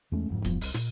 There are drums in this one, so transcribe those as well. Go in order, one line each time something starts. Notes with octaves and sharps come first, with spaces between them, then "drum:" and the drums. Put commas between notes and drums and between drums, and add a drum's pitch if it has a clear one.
E2 G#3 A3 C#4
F#1 F2 G#2
E2 G2 F3 B3, drum: kick, hi-hat
C2, drum: open hi-hat
A#2, drum: snare